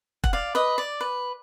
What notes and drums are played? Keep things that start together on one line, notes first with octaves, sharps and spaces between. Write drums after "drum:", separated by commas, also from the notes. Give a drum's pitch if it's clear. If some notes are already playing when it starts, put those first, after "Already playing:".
F#5, drum: kick
D5 F5
B4 D#5
D5
B4